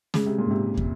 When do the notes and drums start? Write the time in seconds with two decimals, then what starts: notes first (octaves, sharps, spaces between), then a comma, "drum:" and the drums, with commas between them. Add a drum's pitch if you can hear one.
0.14 C#3 G#3, drum: snare
0.26 C3
0.38 A#2
0.46 G#2 C3
0.77 drum: kick